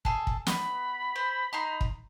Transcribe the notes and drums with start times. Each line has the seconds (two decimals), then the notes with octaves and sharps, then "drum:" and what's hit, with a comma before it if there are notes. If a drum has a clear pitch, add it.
0.05 G#4 A4, drum: kick
0.27 drum: kick
0.47 B3 B5, drum: snare
1.16 C5
1.53 D#4 A#5 C6
1.81 drum: kick